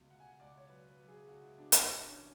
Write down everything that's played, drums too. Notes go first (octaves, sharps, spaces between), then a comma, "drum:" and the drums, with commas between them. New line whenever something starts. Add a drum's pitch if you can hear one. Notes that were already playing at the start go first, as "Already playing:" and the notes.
Already playing: C#2 B2
C#2 F#5
G#5
F#5
C#2 D5
C#5
F#3 B4
B4
F#3
G#4
C#2 F#4
E4
B2 D4
C#4, drum: hi-hat
A1 D4
C#4
E3